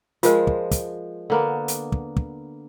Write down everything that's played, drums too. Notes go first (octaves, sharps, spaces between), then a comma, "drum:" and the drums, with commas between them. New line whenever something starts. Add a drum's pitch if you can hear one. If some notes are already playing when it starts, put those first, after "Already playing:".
F3 G#3 F4 A#4 C5, drum: hi-hat
drum: kick
drum: kick, hi-hat
D3 A#3 B3
drum: hi-hat
drum: kick
drum: kick